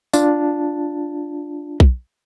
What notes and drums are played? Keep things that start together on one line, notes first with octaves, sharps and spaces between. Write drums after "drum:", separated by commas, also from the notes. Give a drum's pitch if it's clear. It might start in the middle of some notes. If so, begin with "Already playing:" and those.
D4 F4 A5, drum: tambourine
drum: kick B1